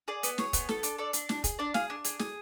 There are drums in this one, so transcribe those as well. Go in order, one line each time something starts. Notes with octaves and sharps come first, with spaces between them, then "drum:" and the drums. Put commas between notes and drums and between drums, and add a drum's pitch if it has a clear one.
G#4 D5
B3, drum: hi-hat
G#4 C#5, drum: snare
B3, drum: kick, hi-hat
A4, drum: snare
D4, drum: hi-hat
A4 D5
D4, drum: hi-hat
D4, drum: snare
G#4, drum: kick, hi-hat
D4 D5
G#4 F5, drum: snare
D4
G#4, drum: hi-hat
G#4, drum: snare